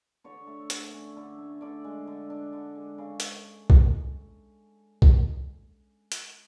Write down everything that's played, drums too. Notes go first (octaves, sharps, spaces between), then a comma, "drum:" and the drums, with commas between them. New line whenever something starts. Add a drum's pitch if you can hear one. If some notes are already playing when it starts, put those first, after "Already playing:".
D3 C#5
A3
D3, drum: hi-hat
C#4
D3
A3
D3 D5
G#3
D3
D4
D3
G#3
C#3
drum: hi-hat
drum: kick
drum: kick
drum: hi-hat